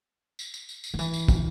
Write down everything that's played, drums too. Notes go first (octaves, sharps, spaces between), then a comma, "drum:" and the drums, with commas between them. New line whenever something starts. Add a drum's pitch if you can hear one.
drum: tambourine
drum: tambourine
drum: tambourine
drum: tambourine
D#3
E3, drum: tambourine
drum: tambourine
drum: kick, tambourine